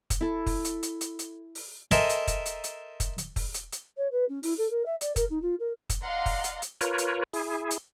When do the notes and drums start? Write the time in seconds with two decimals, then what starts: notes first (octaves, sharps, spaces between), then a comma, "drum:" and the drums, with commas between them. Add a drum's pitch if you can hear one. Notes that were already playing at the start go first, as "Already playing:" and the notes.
0.10 drum: kick, hi-hat
0.21 E4 A4
0.46 drum: kick, open hi-hat
0.65 drum: hi-hat
0.83 drum: hi-hat
1.01 drum: hi-hat
1.19 drum: hi-hat
1.55 drum: open hi-hat
1.91 A4 A#4 C5 D#5 E5 G#5, drum: hi-hat
2.09 drum: hi-hat
2.27 drum: kick, hi-hat
2.46 drum: hi-hat
2.64 drum: hi-hat
3.00 drum: kick, hi-hat
3.18 drum: hi-hat
3.36 drum: kick, open hi-hat
3.54 drum: hi-hat
3.72 drum: hi-hat
3.97 C#5
4.12 B4
4.29 C#4
4.43 E4, drum: open hi-hat
4.58 A4
4.70 A#4
4.85 E5
5.01 D5, drum: hi-hat
5.16 A#4, drum: kick, hi-hat
5.30 D#4
5.42 F4
5.60 A#4
5.90 drum: kick, hi-hat
6.03 D5 D#5 F5 F#5 A#5 C6
6.26 drum: kick, open hi-hat
6.44 drum: hi-hat
6.62 drum: hi-hat
6.81 F4 A#4 B4 C#5, drum: hi-hat
6.98 drum: hi-hat
7.33 E4 G#4, drum: open hi-hat
7.71 drum: hi-hat